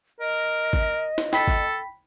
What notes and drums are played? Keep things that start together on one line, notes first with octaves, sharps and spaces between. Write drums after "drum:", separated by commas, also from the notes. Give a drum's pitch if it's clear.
A#4 D#5
drum: kick G#1
drum: snare
A4 G5 B5 B6, drum: snare
drum: kick G#1